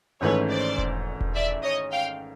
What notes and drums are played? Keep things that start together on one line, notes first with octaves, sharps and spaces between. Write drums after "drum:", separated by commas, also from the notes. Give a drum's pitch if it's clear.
G#1 G#2 E3 A3 C#4 B4 C#5
C5 D5
drum: kick E1
drum: kick E1
D5 E5
C#5 D#5
F5 G5